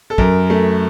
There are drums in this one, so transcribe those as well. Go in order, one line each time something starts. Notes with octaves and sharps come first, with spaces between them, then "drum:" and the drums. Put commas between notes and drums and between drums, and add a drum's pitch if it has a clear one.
A4
F#2 A#4, drum: kick
A3